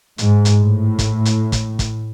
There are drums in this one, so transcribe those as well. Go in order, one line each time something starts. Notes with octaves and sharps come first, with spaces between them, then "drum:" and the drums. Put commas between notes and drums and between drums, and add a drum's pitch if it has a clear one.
G#2, drum: hi-hat
drum: hi-hat
A2
drum: kick, hi-hat
drum: hi-hat
drum: kick, hi-hat
drum: kick, hi-hat